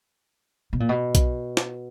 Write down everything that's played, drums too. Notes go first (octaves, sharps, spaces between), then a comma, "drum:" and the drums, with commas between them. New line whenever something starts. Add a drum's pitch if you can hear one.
B2
A#2
B2
drum: kick B1, hi-hat
drum: snare